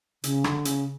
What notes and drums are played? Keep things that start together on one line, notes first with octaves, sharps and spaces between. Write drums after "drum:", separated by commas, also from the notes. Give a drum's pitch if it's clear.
C#3, drum: hi-hat
D3, drum: rim click
C#3, drum: hi-hat